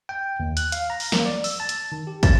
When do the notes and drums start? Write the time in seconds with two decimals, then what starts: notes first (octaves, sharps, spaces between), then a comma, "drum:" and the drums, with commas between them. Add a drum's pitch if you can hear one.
0.09 G5
0.40 D#2
0.57 F#6, drum: hi-hat
0.72 F5, drum: hi-hat
0.90 A#5
1.00 drum: open hi-hat
1.12 A#3, drum: snare
1.26 D5
1.44 E6, drum: open hi-hat
1.60 A5
1.69 drum: hi-hat
1.92 D#3
2.07 G4
2.23 A5, drum: kick, hi-hat